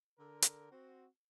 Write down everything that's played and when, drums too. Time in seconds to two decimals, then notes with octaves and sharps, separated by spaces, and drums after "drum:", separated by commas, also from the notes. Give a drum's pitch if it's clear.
0.19 D3 A#4
0.42 drum: hi-hat
0.71 C4 F#4